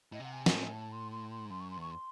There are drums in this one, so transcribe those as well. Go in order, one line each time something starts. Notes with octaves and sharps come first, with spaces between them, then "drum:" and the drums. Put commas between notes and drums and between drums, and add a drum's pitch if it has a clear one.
A2 D#5
C3 F#5
G#5
A2, drum: snare
G#5
A5
C6
C6
C6
G#2
F#2 C6
C#6
C6
E2 C#6
C6